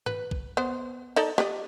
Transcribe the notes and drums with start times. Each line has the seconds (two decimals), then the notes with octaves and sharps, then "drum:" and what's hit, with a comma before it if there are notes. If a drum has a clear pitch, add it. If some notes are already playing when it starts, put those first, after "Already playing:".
0.06 B4, drum: tom G#2
0.31 drum: kick
0.57 B3 C5
1.16 D#4 A4 D5, drum: cymbal
1.38 G4 D5 D#5, drum: snare